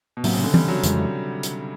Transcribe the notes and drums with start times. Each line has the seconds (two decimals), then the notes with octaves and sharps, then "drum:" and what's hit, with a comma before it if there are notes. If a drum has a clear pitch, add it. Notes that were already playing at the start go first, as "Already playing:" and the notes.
0.17 B2
0.24 A2 C3 F#3 A#3, drum: open hi-hat
0.34 C#3
0.44 D3
0.54 G3, drum: tom
0.68 F#3
0.83 F2 C#3 E3 G#3, drum: hi-hat
1.43 drum: hi-hat